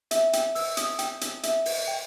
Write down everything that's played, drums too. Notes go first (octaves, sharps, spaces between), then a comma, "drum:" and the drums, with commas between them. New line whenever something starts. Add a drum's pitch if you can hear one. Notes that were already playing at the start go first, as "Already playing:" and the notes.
E5, drum: hi-hat
G5, drum: hi-hat
E6, drum: open hi-hat
D#6, drum: hi-hat
G5, drum: hi-hat
drum: hi-hat
E5, drum: hi-hat
drum: open hi-hat
G5